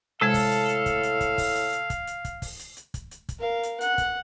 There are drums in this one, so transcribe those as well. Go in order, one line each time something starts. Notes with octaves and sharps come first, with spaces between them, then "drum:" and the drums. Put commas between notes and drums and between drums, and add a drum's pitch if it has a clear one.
A2 C3 G#3 A4 F5 G#6
drum: kick, open hi-hat
drum: hi-hat
drum: hi-hat
drum: kick, hi-hat
drum: hi-hat
drum: kick, hi-hat
drum: kick, open hi-hat
drum: hi-hat
drum: hi-hat
drum: kick, hi-hat
drum: hi-hat
drum: kick, hi-hat
drum: kick, open hi-hat
drum: hi-hat
drum: hi-hat
drum: kick, hi-hat
drum: hi-hat
drum: kick, hi-hat
A#4 F5
drum: hi-hat
F#5, drum: hi-hat
drum: kick, hi-hat